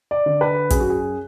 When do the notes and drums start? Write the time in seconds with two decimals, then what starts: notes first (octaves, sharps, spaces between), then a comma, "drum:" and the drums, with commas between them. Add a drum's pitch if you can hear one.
0.11 D5
0.26 D3
0.41 B4
0.70 F#2 G#4, drum: kick, hi-hat
0.80 F#4
0.90 G#4